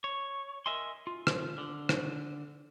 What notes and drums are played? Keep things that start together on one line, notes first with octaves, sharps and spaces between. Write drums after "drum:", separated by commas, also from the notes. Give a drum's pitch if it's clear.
C#5
A#4 D#5 E5 G#5 C6
F4
drum: rim click
D3
drum: rim click